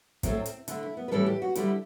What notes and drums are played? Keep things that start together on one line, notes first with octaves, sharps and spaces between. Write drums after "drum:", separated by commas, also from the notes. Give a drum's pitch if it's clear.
A2 F#3 A3 C4, drum: kick, hi-hat
drum: hi-hat
D3 A3 E4, drum: hi-hat
E4
B3
B4
A2 E3 G3 A4
G4
F#4
D3 G3 E4, drum: hi-hat